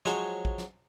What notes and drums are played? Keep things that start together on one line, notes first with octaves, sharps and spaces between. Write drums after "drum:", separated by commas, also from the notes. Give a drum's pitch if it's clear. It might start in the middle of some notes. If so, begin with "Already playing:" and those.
F3 F#3 G#3 C5 C#5, drum: snare
drum: kick
drum: snare